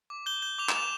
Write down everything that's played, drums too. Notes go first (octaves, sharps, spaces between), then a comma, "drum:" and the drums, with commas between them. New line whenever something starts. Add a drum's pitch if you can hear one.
D6
G6 G7
G6 G7
D6 F7
E7, drum: clap
D6 F7